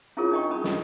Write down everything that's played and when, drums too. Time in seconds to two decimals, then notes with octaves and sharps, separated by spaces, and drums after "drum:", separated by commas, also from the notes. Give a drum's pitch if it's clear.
0.17 C#4 E4 F4 G#4 A#4 C#5
0.31 D4 D#4 D#5 G5 C#6
0.51 C#4 A#4 B5 D#6
0.64 D#5, drum: snare